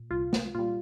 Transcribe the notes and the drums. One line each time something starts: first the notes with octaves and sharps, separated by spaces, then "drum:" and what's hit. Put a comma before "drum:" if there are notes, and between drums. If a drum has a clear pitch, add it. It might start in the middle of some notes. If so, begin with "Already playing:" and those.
Already playing: A#2
C2 F4
drum: snare
A#2 G3 F4